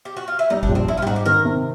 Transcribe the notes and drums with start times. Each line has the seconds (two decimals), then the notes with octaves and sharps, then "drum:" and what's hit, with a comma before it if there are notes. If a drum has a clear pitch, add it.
0.05 G4
0.17 F#4
0.28 F4
0.39 E4
0.50 G3 D#4
0.63 D4, drum: kick G1
0.69 A#1
0.75 C4
0.88 G3 E4
0.97 F4
1.02 G4
1.06 G#2 F#4
1.16 G4
1.26 D#3 A#4
1.45 C3